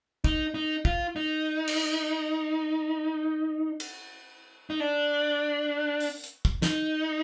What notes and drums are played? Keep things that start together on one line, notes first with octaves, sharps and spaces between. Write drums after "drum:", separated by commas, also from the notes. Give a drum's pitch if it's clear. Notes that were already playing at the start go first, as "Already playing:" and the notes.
D#4, drum: kick
D#4
F4, drum: kick
D#4
drum: cymbal
drum: cymbal
D#4
D4
drum: open hi-hat
drum: hi-hat
drum: kick
D#4, drum: snare